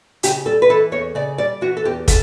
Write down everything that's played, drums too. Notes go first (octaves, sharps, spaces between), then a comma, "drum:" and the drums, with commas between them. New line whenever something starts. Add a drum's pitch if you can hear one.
C#3 G4, drum: hi-hat
G3 A4
B4
E3 A4
E2 C#5
C#3 D5
G3 D5
E3 F#4
A4
E2 G4
C#3 A4, drum: kick, hi-hat